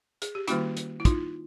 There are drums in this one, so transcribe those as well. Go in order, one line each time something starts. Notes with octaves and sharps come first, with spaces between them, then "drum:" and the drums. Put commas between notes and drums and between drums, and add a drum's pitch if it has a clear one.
G#4, drum: hi-hat
G4
D#3 G3 A#3 C#4 E4 F#4, drum: hi-hat
drum: hi-hat
E4
D#4 F4, drum: kick, hi-hat